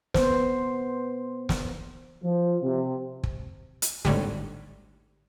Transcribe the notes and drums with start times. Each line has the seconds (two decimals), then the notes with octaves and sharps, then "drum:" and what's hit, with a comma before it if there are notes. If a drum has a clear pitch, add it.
0.14 B3 C5, drum: snare
1.49 drum: snare
2.23 F3
2.62 C3
3.23 drum: kick
3.82 drum: hi-hat
4.05 G#1 A2 D3 G3, drum: kick